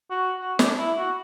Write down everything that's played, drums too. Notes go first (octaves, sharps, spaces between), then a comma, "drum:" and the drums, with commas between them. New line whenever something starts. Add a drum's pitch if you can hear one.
F#4
F#4
D4, drum: snare
E4
F#4